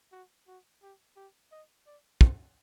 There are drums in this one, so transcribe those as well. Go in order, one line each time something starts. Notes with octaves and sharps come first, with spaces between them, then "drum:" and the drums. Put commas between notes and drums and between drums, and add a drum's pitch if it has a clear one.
F#4
F#4
G4
G4
D#5
D5
C5, drum: kick